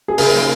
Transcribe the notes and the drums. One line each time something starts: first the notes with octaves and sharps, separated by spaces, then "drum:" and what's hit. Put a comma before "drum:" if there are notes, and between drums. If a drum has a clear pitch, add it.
G#4
C#3 A#4, drum: open hi-hat
F#3 A#3 D#4